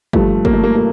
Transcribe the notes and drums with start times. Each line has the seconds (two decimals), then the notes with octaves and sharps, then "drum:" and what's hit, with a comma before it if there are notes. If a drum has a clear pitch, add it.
0.13 G2 F3 A3, drum: kick
0.45 A#3, drum: kick
0.54 A3
0.64 A#3
0.76 A#3